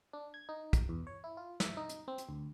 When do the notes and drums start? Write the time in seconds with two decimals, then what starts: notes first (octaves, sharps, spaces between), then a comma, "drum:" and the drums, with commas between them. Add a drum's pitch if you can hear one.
0.13 D4
0.34 G#6
0.49 D#4
0.73 drum: kick, hi-hat
0.89 E2
1.07 C#5
1.24 E4
1.37 F4
1.60 E5, drum: snare
1.77 D#4
1.89 drum: hi-hat
2.08 C4
2.18 drum: hi-hat
2.29 D2